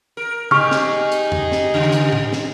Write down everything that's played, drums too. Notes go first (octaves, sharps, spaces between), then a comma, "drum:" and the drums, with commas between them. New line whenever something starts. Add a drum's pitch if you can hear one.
A#4
D#4 G4 G#4 C#6 F6, drum: tom
drum: snare
drum: hi-hat
drum: tom E2
drum: snare
C#3 G3
drum: hi-hat
drum: tom
drum: snare